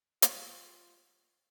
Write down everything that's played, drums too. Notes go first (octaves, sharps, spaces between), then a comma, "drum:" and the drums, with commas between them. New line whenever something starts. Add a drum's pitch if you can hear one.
F4, drum: hi-hat